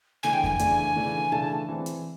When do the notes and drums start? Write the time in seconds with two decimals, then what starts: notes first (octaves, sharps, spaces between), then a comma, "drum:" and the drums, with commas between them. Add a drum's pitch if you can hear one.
0.23 C#3 E3 A3 D4 G#5
0.33 G5
0.44 G#5, drum: kick F2
0.59 C#3 E3 A3 D4, drum: hi-hat
0.96 C#3 E3 A3 D4
1.32 C#3 E3 A3 D4 A5
1.68 E3 G#3 C4
1.86 drum: hi-hat